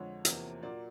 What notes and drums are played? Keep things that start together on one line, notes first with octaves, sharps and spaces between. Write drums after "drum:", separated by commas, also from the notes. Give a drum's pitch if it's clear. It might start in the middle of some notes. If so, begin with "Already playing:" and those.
Already playing: F2 D3 G#3 C#5
E2 C3 F3 A#3, drum: hi-hat
A#2 F#3 A#3 D5